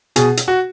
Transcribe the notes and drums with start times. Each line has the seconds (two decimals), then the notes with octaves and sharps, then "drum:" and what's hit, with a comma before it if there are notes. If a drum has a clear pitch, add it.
0.16 B2 G#4, drum: hi-hat
0.37 drum: hi-hat
0.48 F#4